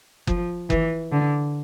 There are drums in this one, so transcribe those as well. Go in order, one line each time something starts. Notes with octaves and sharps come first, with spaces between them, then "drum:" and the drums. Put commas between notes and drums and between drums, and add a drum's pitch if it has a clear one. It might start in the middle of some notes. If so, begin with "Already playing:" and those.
F3, drum: kick F#1
E3, drum: kick F#1
D3